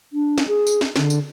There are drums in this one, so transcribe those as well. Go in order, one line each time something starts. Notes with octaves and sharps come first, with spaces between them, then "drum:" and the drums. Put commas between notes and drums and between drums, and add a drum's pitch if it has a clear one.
D4
drum: snare
G#4
drum: tambourine
drum: snare
D3, drum: snare
drum: tambourine